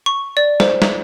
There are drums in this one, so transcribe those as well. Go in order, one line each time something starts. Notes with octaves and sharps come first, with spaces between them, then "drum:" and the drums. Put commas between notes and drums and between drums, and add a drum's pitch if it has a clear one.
C#6
D5
C5, drum: snare
drum: snare